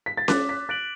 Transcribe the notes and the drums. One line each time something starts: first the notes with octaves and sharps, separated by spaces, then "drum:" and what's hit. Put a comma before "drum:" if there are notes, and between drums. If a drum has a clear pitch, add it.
B6
A6
D6 F#6, drum: snare C#4
B6
F#6 A6 D7 F#7